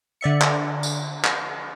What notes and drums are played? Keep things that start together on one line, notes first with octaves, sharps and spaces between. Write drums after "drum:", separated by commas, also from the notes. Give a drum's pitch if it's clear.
D3 D5 E5 C#7
drum: clap
drum: tambourine
drum: clap